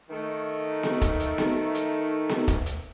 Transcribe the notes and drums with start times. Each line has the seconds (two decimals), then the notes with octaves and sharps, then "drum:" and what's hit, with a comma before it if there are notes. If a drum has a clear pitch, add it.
0.10 D#3 A3
0.83 drum: snare B3
1.02 drum: kick, hi-hat
1.20 drum: hi-hat
1.38 drum: snare B3
1.75 drum: hi-hat
2.29 drum: snare B3
2.48 drum: kick, hi-hat
2.66 drum: hi-hat